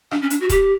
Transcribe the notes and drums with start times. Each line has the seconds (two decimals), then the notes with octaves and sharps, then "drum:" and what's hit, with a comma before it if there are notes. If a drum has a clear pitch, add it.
0.11 D4, drum: rim click
0.21 C#4
0.30 D4, drum: hi-hat
0.40 F#4
0.49 G4, drum: kick D#1, hi-hat